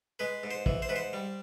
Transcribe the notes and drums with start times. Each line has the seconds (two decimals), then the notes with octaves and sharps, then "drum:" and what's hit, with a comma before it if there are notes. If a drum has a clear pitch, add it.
0.19 G#3 B4
0.43 G#2
0.51 C5
0.66 E3, drum: kick
0.82 C5
0.89 G#2 B4
0.96 C5
1.13 G3